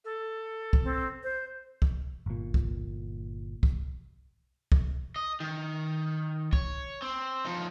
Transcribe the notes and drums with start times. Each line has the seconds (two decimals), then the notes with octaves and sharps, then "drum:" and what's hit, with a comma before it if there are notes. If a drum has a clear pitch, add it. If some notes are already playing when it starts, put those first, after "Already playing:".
0.04 A4
0.73 drum: kick
0.83 C4
1.23 C5
1.82 drum: kick
2.26 G1 A#2
2.54 drum: kick
3.63 drum: kick
4.72 drum: kick
5.16 D#5
5.40 D#3
6.53 C#5, drum: kick
7.02 C4
7.45 F3 D#4